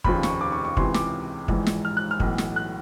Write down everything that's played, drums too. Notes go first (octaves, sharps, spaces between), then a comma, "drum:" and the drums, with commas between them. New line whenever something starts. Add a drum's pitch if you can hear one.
F1 D#2 C#3 F3 B5, drum: kick
C#6, drum: snare
D6
C#6
C#6
C#2 C3 E3 C6, drum: kick
D6, drum: snare
A#1 G#2 E3, drum: kick
drum: snare
F6
F#6
F6
B1 A2 E3, drum: kick
drum: snare
F#6